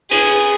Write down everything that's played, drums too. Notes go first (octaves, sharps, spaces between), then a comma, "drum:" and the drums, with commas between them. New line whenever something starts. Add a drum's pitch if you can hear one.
G#4, drum: cymbal